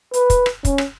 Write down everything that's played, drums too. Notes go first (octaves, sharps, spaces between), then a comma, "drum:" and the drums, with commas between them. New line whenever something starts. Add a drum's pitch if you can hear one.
B4, drum: hi-hat
drum: kick, hi-hat
drum: rim click
C#4, drum: kick, hi-hat
drum: rim click